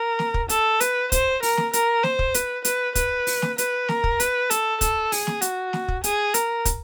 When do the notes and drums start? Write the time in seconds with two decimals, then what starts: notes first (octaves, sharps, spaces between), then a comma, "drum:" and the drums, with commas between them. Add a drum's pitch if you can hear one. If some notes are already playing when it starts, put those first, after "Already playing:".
Already playing: A#4
0.19 drum: snare
0.34 drum: kick
0.49 A4, drum: hi-hat
0.80 B4, drum: hi-hat
1.12 C5, drum: kick, hi-hat
1.43 A#4, drum: open hi-hat
1.57 drum: snare
1.73 A#4, drum: hi-hat
2.03 C5, drum: snare
2.19 drum: kick
2.34 B4, drum: hi-hat
2.65 B4, drum: hi-hat
2.95 B4, drum: kick, hi-hat
3.27 drum: open hi-hat
3.42 drum: snare
3.58 B4, drum: hi-hat
3.88 A#4, drum: snare
4.04 drum: kick
4.20 B4, drum: hi-hat
4.50 A4, drum: hi-hat
4.81 A4, drum: kick, hi-hat
5.12 G#4, drum: open hi-hat
5.27 drum: snare
5.42 F#4, drum: hi-hat
5.73 drum: snare
5.88 drum: kick
6.04 G#4, drum: hi-hat
6.34 A#4, drum: hi-hat
6.65 drum: kick, hi-hat